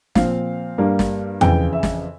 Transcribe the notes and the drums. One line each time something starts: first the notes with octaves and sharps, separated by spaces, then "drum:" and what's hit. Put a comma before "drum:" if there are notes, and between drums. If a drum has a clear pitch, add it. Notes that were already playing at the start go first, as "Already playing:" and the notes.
A#2 F3 C4 F5, drum: snare
G2 G3 A#3
drum: snare
F2 C#3 E3 G5, drum: tom E2
E5
drum: snare